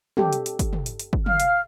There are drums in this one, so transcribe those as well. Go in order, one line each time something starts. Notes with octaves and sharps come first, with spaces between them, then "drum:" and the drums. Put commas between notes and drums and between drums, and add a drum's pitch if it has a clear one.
G4 A4, drum: tom
drum: hi-hat
drum: hi-hat
drum: kick, hi-hat
drum: tom
drum: hi-hat
drum: hi-hat
drum: kick
F5 F6, drum: tom
drum: hi-hat